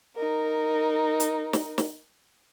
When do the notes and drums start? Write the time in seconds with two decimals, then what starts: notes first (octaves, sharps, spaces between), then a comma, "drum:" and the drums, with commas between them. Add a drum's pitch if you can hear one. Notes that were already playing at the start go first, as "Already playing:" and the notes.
0.16 D#4 A#4
1.20 drum: hi-hat
1.53 drum: snare
1.78 drum: snare